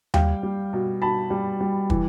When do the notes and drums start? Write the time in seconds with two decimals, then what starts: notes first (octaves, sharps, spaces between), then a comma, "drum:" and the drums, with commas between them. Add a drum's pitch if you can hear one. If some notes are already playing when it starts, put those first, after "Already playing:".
0.14 G3 F5 G5, drum: tom D#2
0.43 G3
0.73 B2
1.02 B2 A5 B5
1.30 G3
1.61 G3
1.90 E3, drum: kick